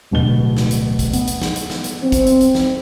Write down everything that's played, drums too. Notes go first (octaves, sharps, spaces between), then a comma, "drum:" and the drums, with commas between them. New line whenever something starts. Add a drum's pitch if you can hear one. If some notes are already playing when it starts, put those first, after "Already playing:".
D1 B2 G7
drum: snare
drum: hi-hat
drum: kick, hi-hat
B3, drum: hi-hat
drum: hi-hat
drum: snare
drum: hi-hat
drum: snare
drum: hi-hat
C4
drum: kick, hi-hat
drum: hi-hat
drum: hi-hat
drum: snare